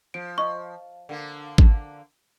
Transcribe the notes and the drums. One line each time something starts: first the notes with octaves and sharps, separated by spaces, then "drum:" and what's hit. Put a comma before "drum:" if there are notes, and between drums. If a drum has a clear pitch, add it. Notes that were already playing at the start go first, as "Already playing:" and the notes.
F3 D7
D#5 C#6
D3 A#3
drum: kick G#1